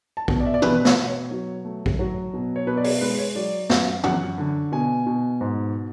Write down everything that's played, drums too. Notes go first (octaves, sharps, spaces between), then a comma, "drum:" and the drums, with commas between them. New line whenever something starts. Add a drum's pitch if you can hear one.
A5
B2, drum: kick A1
D5
E5
D5
B2 B4, drum: tom
B4
C#5, drum: snare
B2
C#5
F#3
A3
drum: kick A1
F#3
B2
C#5
B2 B4
D5
C#5, drum: open hi-hat
G#3 B4
C#5
F#3 D5
F#2, drum: snare
F#2 F#5, drum: tom
D3
B2 G#5
B2
G#2